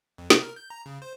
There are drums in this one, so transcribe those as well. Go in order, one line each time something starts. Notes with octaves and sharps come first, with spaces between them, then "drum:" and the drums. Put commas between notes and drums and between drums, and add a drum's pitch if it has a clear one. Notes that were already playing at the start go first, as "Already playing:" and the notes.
F2
C3, drum: snare
A#4
G6
A#5
C#3
C5